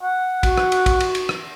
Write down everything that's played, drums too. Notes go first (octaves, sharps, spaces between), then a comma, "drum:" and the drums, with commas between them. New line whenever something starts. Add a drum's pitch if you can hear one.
F#5
F#4, drum: kick, cymbal
drum: rim click
drum: cymbal
drum: kick, cymbal
drum: cymbal
drum: cymbal
drum: rim click